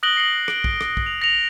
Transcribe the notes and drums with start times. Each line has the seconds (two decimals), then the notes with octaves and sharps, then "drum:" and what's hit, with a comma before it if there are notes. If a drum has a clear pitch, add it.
0.03 D#6 F#6 A#6 D7 F#7 G7
0.16 A#6 C7 C#7 F#7
0.48 D7 F#7, drum: rim click
0.64 drum: kick
0.81 drum: rim click
0.97 drum: kick
1.06 F7
1.22 A#6 C#7 F7 F#7